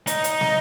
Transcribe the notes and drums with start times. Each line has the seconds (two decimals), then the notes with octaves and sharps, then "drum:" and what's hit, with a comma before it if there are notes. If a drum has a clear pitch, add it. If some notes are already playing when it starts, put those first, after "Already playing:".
0.07 D#4, drum: hi-hat
0.24 drum: hi-hat
0.41 drum: snare